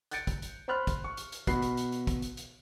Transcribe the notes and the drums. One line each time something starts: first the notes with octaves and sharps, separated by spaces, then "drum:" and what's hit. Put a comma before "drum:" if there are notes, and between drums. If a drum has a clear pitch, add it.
F#6 G6 A6 C#7 D7, drum: hi-hat
drum: kick, hi-hat
drum: hi-hat
C5 B5 C6 F6 F#6
drum: kick, hi-hat
C#6
drum: hi-hat
drum: hi-hat
B2 F#4 B5 F#6 C7, drum: kick, hi-hat
drum: hi-hat
drum: hi-hat
drum: hi-hat
drum: kick, hi-hat
drum: hi-hat
drum: hi-hat